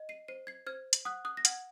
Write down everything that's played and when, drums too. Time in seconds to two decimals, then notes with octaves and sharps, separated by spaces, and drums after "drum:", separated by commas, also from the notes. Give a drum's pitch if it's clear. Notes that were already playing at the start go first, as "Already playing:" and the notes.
Already playing: D#5
0.09 C7 D#7
0.28 C5 C7 D#7
0.47 G#6 C7
0.66 C5 F6 G#6
0.93 drum: hi-hat
1.05 F#5 D#6 F#6
1.25 D#6 F#6
1.37 A#6
1.45 F#5 F6 G#6, drum: hi-hat